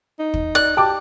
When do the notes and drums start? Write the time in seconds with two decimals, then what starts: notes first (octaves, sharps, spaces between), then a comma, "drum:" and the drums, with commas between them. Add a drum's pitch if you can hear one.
0.19 D#4
0.34 drum: kick
0.55 D5 F#6
0.77 G4 G5 A5 D6